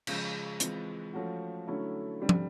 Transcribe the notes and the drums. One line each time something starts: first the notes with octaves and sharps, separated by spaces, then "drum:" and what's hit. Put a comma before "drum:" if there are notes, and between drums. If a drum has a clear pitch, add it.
C#3 F3 G#3, drum: cymbal
E3 G#3 C4 F4, drum: hi-hat
F3 A3 C#4 F#4
D3 F#3 A3 C#4 E4
D3 G3 C4
drum: tom